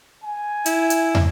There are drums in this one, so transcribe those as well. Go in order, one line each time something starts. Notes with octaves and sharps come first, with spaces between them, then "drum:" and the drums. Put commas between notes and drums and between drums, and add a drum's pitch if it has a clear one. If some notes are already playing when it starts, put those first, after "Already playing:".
G#5
E4, drum: hi-hat
drum: hi-hat
drum: tom